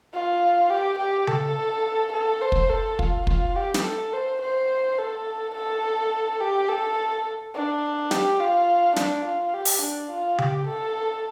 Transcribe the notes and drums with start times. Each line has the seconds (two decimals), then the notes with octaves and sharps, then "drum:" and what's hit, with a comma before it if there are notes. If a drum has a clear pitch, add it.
0.14 F4
0.70 G4
0.99 G4
1.27 A4, drum: tom C#3
2.12 A4
2.41 C5
2.52 drum: kick
2.69 A4
2.99 F4, drum: kick
3.27 F4, drum: kick
3.56 G4
3.74 drum: snare
3.83 A4
4.13 C5
4.41 C5
4.98 A4
5.55 A4
6.40 G4
6.68 A4
7.54 D4
8.11 G4, drum: snare
8.40 F4
8.96 D4, drum: snare
9.25 F4
9.54 G4
9.65 drum: open hi-hat
9.82 D4
10.11 F4
10.38 G4, drum: tom C#3
10.67 A4